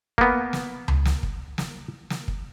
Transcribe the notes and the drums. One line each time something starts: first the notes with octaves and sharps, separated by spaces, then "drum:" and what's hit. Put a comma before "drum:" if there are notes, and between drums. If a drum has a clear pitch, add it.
A#3 B3, drum: kick
drum: snare
drum: tom C#2
drum: snare
drum: kick
drum: snare
drum: snare
drum: kick